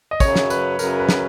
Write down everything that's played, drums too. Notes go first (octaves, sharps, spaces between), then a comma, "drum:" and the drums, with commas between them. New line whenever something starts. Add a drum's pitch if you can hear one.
D#5
F#2 C#3 F#3 C#5, drum: kick, tambourine
drum: snare
B4, drum: tambourine
F#2 C#3 F#3 A#4, drum: tambourine
B4
drum: snare